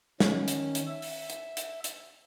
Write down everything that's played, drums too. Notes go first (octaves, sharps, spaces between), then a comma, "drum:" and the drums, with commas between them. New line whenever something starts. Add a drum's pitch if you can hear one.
D#3 C#4, drum: snare
drum: hi-hat
drum: hi-hat
E5
drum: open hi-hat
drum: hi-hat
drum: hi-hat
drum: hi-hat